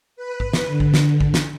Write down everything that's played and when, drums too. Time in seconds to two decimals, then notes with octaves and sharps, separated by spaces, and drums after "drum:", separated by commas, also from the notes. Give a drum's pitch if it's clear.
0.16 B4
0.40 drum: kick A1
0.53 drum: snare
0.67 D3
0.80 drum: kick A1
0.94 drum: snare
1.20 drum: kick A1
1.34 drum: snare